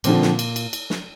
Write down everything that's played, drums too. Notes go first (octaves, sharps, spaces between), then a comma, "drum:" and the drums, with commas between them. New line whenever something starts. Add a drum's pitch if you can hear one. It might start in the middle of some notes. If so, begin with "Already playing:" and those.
A#2 D3 F3 A#3 C4, drum: cymbal
drum: snare
drum: cymbal
drum: cymbal
drum: cymbal
drum: snare